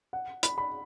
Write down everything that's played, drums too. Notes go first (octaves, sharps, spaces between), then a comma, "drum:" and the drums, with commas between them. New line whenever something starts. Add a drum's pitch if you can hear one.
F#5
B5, drum: hi-hat
B5